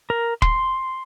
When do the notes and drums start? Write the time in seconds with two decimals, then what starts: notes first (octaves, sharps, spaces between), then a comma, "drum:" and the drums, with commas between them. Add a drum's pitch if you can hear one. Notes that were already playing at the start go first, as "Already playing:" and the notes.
0.10 A#4
0.42 C6, drum: kick